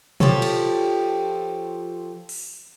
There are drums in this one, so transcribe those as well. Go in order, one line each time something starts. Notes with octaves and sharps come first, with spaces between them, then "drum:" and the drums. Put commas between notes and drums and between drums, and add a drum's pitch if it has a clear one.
F3 G4 A4 C#5, drum: tom
drum: cymbal
drum: open hi-hat